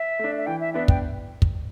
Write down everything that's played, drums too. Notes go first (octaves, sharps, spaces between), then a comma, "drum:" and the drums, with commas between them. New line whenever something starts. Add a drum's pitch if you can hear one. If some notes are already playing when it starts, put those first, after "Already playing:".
Already playing: E5
A3 D4
E5
E3 G5
E5
B3 D4 E5
G5, drum: kick
drum: kick